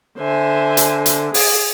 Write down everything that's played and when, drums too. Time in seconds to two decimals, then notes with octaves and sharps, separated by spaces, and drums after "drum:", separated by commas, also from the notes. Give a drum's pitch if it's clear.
0.19 D3 C5 E5 G#5
0.77 drum: hi-hat
1.06 drum: hi-hat
1.34 G#4, drum: open hi-hat